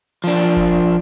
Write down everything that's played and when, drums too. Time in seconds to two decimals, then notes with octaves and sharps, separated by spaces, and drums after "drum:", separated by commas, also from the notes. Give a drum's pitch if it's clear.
0.24 F3 D4
0.57 drum: kick F#1